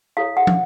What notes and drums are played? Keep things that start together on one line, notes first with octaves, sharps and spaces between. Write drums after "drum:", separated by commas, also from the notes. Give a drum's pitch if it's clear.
E4 A4 C#5 F5
F#5
drum: tom